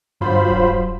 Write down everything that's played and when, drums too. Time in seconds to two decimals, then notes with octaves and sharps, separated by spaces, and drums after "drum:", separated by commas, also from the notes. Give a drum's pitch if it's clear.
0.21 G1 G2 F#3 F4 C5 B5
0.50 drum: kick D#1